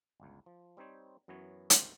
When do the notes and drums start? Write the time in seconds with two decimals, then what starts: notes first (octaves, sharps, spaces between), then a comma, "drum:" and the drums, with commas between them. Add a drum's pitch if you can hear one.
0.20 G1 C#2
0.46 F3
0.77 G3 C4 D#4 C5 C#5
1.28 F#2 E3 F#3 B3 C#5
1.70 G1 C#2 C3 D#3 C5, drum: hi-hat